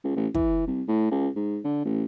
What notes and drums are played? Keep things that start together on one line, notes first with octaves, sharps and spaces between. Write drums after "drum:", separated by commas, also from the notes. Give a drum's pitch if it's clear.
C#2
A1
E3, drum: kick
C2
A2
C#2
G#2
D3
A1